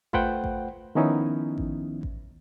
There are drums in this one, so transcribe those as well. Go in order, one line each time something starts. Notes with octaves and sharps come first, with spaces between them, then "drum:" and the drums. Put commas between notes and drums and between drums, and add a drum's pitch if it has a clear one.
A3 F4 B4 C5 F#5 G5, drum: kick A1
drum: kick A1
D#3 F3 B3 C#4 D#4 E4
drum: kick A1
drum: kick A1